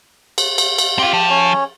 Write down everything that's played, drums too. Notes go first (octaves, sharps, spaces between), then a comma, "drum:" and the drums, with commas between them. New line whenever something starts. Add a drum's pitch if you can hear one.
drum: cymbal
drum: cymbal
drum: cymbal
C4 G4 F5
F3
C#4 C#5